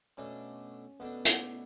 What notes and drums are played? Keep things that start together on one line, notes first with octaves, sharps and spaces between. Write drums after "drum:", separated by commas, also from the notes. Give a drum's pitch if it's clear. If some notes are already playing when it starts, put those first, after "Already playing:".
B2 A3 C#4 D4
B2 A3 B3 D4
drum: hi-hat